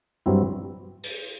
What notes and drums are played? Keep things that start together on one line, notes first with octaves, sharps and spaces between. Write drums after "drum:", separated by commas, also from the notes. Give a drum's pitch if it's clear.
G2 F#3 C4 E4
drum: open hi-hat